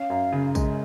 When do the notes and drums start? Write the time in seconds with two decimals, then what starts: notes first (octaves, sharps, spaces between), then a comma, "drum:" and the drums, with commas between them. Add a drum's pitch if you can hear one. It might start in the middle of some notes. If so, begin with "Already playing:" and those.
Already playing: C#4 F5
0.10 F#2
0.32 C#3
0.55 G#3, drum: kick, tambourine